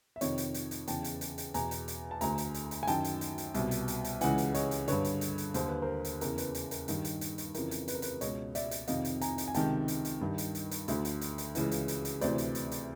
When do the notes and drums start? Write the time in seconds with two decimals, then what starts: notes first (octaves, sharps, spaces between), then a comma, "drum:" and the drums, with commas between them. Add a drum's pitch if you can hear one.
0.16 E5
0.21 F2 C3 D#3 C#5 D#5, drum: hi-hat
0.38 drum: hi-hat
0.54 drum: hi-hat
0.71 drum: hi-hat
0.88 E2 C#3 E3 G5 A5, drum: hi-hat
1.04 drum: hi-hat
1.21 drum: hi-hat
1.38 drum: hi-hat
1.54 E2 B2 G#5 A#5, drum: hi-hat
1.71 drum: hi-hat
1.88 drum: hi-hat
2.11 A5
2.21 D2 D3 G#5 A#5, drum: hi-hat
2.38 drum: hi-hat
2.54 drum: hi-hat
2.71 drum: hi-hat
2.83 G#5
2.87 F#2 D#3 G5 A5, drum: hi-hat
3.04 drum: hi-hat
3.21 drum: hi-hat
3.38 drum: hi-hat
3.54 C2 B2, drum: hi-hat
3.71 drum: hi-hat
3.88 drum: hi-hat
4.04 drum: hi-hat
4.21 C#2 C#3 E3 F#5 G#5, drum: hi-hat
4.38 drum: hi-hat
4.55 C#5 D#5, drum: hi-hat
4.71 drum: hi-hat
4.88 G2 D3 B4 C#5, drum: hi-hat
5.05 drum: hi-hat
5.21 drum: hi-hat
5.38 drum: hi-hat
5.54 D#2 D3 C5, drum: hi-hat
5.68 B4
5.82 A#4 C5
6.05 drum: hi-hat
6.21 E2 C#3 E3 A#4, drum: hi-hat
6.38 B4, drum: hi-hat
6.55 drum: hi-hat
6.71 A#4, drum: hi-hat
6.88 G2 D#3, drum: hi-hat
7.05 drum: hi-hat
7.21 drum: hi-hat
7.38 drum: hi-hat
7.54 F2 C#3 E3 A#4, drum: hi-hat
7.71 drum: hi-hat
7.88 B4, drum: hi-hat
7.95 A#4
8.02 B4, drum: hi-hat
8.21 C#2 B2 C#5 D#5, drum: hi-hat
8.55 D5 E5, drum: hi-hat
8.71 drum: hi-hat
8.88 F2 C3 D#3 D#5 F5, drum: hi-hat
9.05 drum: hi-hat
9.21 G#5 A#5, drum: hi-hat
9.38 drum: hi-hat
9.48 G#5
9.54 C#2 C3 D#3 G5 A5, drum: hi-hat
9.88 drum: hi-hat
10.05 drum: hi-hat
10.21 G2 D#3
10.38 drum: hi-hat
10.55 drum: hi-hat
10.71 drum: hi-hat
10.88 D2 D3, drum: hi-hat
11.05 drum: hi-hat
11.21 drum: hi-hat
11.38 drum: hi-hat
11.55 C#2 C#3 E3, drum: hi-hat
11.71 drum: hi-hat
11.88 drum: hi-hat
12.05 drum: hi-hat
12.21 D2 C3 E3 C5 D5, drum: hi-hat
12.38 drum: hi-hat
12.55 drum: hi-hat
12.71 drum: hi-hat